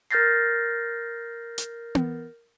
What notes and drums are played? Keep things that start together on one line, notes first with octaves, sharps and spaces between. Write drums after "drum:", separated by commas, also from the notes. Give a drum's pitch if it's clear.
A#4 F6 G6 A6 A#6 C7
drum: hi-hat
drum: tom B3